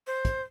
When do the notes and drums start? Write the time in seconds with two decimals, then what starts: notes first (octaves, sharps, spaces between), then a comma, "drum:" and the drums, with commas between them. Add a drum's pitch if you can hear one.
0.07 C5
0.25 drum: kick, hi-hat